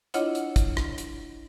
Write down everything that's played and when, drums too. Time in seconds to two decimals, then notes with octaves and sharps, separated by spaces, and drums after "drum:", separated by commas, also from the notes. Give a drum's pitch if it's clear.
0.14 D4 E4 F4 C#5 D#5 F#5, drum: hi-hat
0.35 drum: hi-hat
0.56 drum: kick, hi-hat
0.77 drum: rim click
0.98 drum: hi-hat